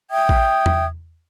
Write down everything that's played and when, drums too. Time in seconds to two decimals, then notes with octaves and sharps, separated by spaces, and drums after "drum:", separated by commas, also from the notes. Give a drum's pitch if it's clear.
0.11 E5 G5 D#6 G#6
0.29 drum: kick A1
0.66 drum: tom E2